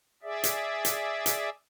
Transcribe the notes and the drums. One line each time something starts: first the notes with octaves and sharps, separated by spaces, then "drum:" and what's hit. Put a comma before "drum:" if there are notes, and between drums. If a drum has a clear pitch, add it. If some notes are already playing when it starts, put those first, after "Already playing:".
G#4 D5 E5
drum: hi-hat
drum: hi-hat
drum: hi-hat